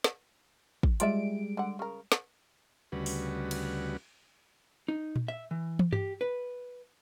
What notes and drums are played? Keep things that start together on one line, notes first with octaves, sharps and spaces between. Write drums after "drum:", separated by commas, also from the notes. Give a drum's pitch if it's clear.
drum: snare
drum: kick
G3 G#3 F4 D5 E5 D7, drum: hi-hat
D3 F#5
C#3 A#4
drum: snare
D2 C#3 G3 F#4 B4
drum: open hi-hat
drum: cymbal
D#4
drum: tom A#2
E5
E3
drum: tom
G4, drum: tom G2
B4